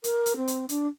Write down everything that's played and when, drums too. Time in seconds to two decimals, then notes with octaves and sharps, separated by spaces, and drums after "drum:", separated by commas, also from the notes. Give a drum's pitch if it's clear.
0.04 A#4, drum: hi-hat
0.26 drum: hi-hat
0.36 C4
0.48 drum: hi-hat
0.69 D4, drum: hi-hat